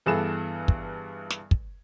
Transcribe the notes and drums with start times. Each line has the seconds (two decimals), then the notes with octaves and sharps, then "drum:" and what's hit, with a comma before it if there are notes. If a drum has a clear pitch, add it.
0.06 G2 E3 B3 G#4 A4 E7
0.68 drum: kick
1.30 drum: snare
1.51 drum: kick